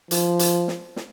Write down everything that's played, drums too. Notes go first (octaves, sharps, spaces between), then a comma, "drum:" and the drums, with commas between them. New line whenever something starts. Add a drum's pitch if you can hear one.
F3, drum: hi-hat
drum: hi-hat
drum: snare
drum: snare